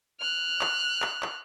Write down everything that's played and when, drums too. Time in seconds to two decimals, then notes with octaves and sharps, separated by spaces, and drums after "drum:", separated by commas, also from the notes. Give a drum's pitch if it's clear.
0.20 F6 F#6
0.61 drum: clap
1.02 drum: clap
1.23 drum: clap